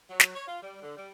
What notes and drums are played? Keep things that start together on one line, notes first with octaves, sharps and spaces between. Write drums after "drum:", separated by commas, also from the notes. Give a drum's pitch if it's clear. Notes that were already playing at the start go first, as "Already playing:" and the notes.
F#3
drum: snare
C#5
F4
G3
D3
G3